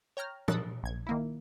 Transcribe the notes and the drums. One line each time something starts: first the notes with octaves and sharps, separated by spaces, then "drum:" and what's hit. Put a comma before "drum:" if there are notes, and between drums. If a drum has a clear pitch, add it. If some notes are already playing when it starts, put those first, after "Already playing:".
C#5 G5 A#5 F6
D#6 E6 F#6 A6, drum: tom
A#1 G#6
D#3 A#3 E4